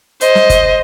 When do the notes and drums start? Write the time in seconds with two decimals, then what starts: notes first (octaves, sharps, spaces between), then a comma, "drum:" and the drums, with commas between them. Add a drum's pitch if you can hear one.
0.21 C5 D#5, drum: hi-hat
0.35 drum: snare
0.50 drum: kick F#1, hi-hat